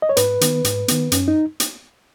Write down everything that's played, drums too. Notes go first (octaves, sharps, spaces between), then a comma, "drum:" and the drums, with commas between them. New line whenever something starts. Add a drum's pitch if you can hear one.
D#5
C#5
G#2 B4, drum: hi-hat
D#3 B3, drum: hi-hat
G#2, drum: hi-hat
D#3 B3, drum: hi-hat
F#2 C#4, drum: hi-hat
D#4
drum: hi-hat